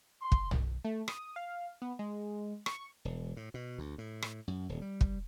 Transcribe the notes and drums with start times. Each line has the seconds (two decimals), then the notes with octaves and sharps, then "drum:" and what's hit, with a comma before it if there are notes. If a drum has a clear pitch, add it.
0.22 C6
0.32 drum: kick
0.51 drum: tom
0.85 A3
1.08 D#6, drum: rim click
1.36 F5
1.82 B3
1.99 G#3
2.66 C#6, drum: rim click
3.05 E1
3.37 A2
3.54 B2
3.78 D2
3.98 A2
4.22 drum: rim click
4.48 F#2
4.69 D#1
4.82 G3
5.01 drum: kick